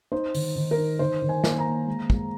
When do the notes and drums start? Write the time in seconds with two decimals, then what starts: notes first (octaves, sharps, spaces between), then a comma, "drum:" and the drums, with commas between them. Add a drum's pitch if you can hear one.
0.12 D#4 C5
0.35 D#3, drum: open hi-hat
0.56 D#3
0.71 A#4
0.78 D#4
0.99 D#3 C5
1.22 D#3
1.29 G#5
1.44 A#3, drum: snare
1.59 A#5
1.66 A#3
1.87 G#3
2.10 G#3, drum: kick